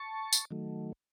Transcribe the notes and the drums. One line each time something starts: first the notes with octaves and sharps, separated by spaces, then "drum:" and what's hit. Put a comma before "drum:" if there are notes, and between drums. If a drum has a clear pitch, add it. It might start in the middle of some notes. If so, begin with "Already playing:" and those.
Already playing: A5 C#6
drum: tambourine
D#3 F#3 A3